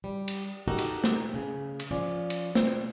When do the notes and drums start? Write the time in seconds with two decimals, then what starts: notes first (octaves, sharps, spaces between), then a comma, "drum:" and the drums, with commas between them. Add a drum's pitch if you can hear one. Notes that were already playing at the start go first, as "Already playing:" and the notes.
0.04 G3
0.28 drum: cymbal
0.68 D#4 F#4 G4 A4 A#4
0.78 drum: cymbal
1.04 drum: snare
1.34 C#3
1.80 drum: cymbal
1.91 F3 C#4 F4 D5
2.30 drum: cymbal
2.55 C4, drum: snare